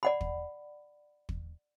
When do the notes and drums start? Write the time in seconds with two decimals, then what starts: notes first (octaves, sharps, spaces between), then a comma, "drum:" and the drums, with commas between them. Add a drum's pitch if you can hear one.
0.03 D5 F#5 B5
0.21 drum: kick
1.29 drum: kick